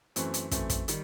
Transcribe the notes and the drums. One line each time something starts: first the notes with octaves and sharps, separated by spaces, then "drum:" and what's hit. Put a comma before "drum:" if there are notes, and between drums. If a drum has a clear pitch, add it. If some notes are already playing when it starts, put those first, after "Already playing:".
F#2 E3 A3 C4, drum: hi-hat
drum: hi-hat
F#2 E3 A3 C4, drum: kick, hi-hat
drum: kick, hi-hat
D#3 G3, drum: hi-hat